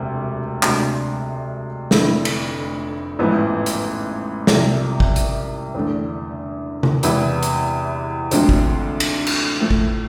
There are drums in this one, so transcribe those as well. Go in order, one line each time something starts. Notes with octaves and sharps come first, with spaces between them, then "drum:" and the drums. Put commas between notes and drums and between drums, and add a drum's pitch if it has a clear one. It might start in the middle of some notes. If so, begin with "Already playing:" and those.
Already playing: E1 D2 C3
D2 C3 G#3 D4, drum: clap
F1 F2 D3 A3 E4, drum: snare
drum: cymbal
A1 G#2 F3 B3 E4
drum: hi-hat
C2 C3 F3, drum: snare
drum: kick
drum: hi-hat
E2 D3 A3
drum: tom C#3
E2 C3 G#3 B3 E4, drum: hi-hat
drum: hi-hat
D2 D3 F3 G#3 C4, drum: hi-hat
drum: kick
drum: cymbal
drum: cymbal
A2 F3 A3
drum: kick